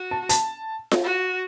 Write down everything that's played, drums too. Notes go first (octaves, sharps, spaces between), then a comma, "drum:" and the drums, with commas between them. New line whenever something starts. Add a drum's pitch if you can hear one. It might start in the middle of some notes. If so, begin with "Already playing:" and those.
Already playing: F#4
A5
A5, drum: hi-hat
drum: snare F4
F#4